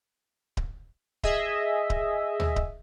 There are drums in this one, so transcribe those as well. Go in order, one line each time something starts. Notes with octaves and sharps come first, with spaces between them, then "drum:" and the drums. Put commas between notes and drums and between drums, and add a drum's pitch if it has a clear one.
drum: kick D1
G#4 D#5 E5, drum: kick D1
drum: kick D1
drum: tom
drum: kick D1